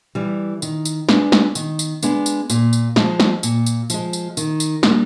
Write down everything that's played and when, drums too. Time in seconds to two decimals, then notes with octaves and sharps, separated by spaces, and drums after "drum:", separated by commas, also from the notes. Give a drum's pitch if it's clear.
0.15 E3 G3
0.62 D#3, drum: tambourine
0.85 drum: tambourine
1.09 G#3 B3 D4, drum: snare
1.32 drum: snare
1.55 D#3, drum: tambourine
1.79 drum: tambourine
2.03 G#3 B3 D4, drum: tambourine
2.26 drum: tambourine
2.50 A#2, drum: tambourine
2.73 drum: tambourine
2.96 F3 G#3, drum: snare
3.20 drum: snare
3.43 A#2, drum: tambourine
3.66 drum: tambourine
3.90 F3 G#3, drum: tambourine
4.13 drum: tambourine
4.37 D#3, drum: tambourine
4.60 drum: tambourine
4.83 G3 A#3 D4, drum: snare